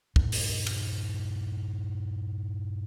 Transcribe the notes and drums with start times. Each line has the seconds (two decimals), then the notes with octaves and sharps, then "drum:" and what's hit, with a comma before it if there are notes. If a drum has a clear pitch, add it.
0.16 G2 A#2 A#3, drum: kick
0.32 drum: open hi-hat
0.66 drum: cymbal